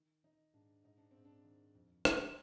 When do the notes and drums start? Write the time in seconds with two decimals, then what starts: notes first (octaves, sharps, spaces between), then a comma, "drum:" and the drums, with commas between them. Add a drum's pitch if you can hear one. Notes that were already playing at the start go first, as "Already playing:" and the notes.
Already playing: D#3
0.24 D#3 D#4
0.53 G#2 D4
0.84 G#2 D#4
0.98 D4
1.11 G#2 C4
1.25 D4
1.44 D#3
1.75 F2
2.05 F2, drum: rim click